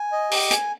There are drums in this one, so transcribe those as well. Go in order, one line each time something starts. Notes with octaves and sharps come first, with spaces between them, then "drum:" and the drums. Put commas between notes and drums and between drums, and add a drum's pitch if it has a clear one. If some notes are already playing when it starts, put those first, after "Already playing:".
Already playing: G#5
D#5
G4, drum: open hi-hat
G#5, drum: hi-hat